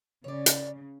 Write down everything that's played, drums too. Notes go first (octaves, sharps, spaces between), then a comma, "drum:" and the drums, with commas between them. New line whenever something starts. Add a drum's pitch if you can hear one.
C#3 C#5 D5
drum: hi-hat